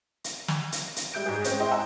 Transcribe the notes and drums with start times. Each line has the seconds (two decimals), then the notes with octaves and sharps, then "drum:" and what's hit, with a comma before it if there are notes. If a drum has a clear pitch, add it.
0.24 drum: hi-hat
0.48 drum: snare
0.72 drum: hi-hat
0.96 drum: hi-hat
1.14 G3 G#3 E5 G6 D7
1.26 G#2 G#4
1.44 G#3 C4 C#4, drum: hi-hat
1.60 E4 D#5 G5 C6
1.71 F#5 G#5 A#5 E6